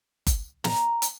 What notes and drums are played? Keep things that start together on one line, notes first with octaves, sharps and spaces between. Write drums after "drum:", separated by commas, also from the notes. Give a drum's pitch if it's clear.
drum: kick F#1, hi-hat
A#5, drum: snare
drum: hi-hat